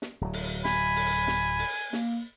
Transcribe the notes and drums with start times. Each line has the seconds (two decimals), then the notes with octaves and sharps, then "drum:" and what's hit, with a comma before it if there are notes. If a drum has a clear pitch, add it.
0.02 drum: snare
0.21 D1 F#3
0.33 drum: open hi-hat
0.65 G#5 B5, drum: snare
0.96 drum: open hi-hat
1.28 drum: snare
1.59 drum: open hi-hat
1.93 A#3, drum: snare